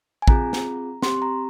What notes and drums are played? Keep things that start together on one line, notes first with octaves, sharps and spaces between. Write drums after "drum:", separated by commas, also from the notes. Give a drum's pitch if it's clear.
G#5
C4 F4 G#4 A#5, drum: kick
drum: snare
C4 G4 C6, drum: snare
A#5